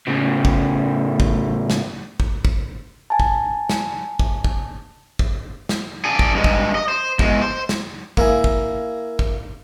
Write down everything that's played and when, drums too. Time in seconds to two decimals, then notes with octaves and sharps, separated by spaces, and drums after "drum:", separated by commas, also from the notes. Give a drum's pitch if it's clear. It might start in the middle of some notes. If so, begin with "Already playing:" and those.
0.08 A2 C#3
0.45 drum: kick
1.20 drum: kick
1.70 drum: snare
2.20 drum: kick
2.45 drum: kick
3.10 G#5 A5
3.20 drum: kick
3.70 drum: snare
4.19 drum: kick
4.44 drum: kick
5.19 drum: kick
5.69 drum: snare
6.05 D4 G#4
6.19 drum: kick
6.35 G2 G#3
6.44 drum: kick
6.75 D#5
6.88 C5
7.19 E2 G#3, drum: kick
7.42 C5
7.69 drum: snare
8.17 A#3 E4 G#4, drum: kick
8.44 drum: kick
9.19 drum: kick